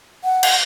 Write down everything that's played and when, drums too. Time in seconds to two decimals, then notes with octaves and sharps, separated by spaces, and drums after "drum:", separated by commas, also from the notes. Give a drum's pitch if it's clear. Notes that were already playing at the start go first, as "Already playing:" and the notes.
0.24 F#5
0.43 drum: cymbal